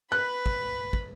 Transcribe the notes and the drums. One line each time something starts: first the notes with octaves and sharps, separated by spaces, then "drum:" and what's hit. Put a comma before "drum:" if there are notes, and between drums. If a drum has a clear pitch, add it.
B4 B5 F#6
drum: kick
drum: kick